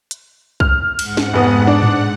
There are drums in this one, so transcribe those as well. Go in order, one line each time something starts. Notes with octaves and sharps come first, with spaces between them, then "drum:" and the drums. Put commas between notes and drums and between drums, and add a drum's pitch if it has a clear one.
drum: hi-hat
F6, drum: kick B1
G#2 F#5, drum: cymbal
drum: snare
F1 B3 D#6
D4
drum: tom G#2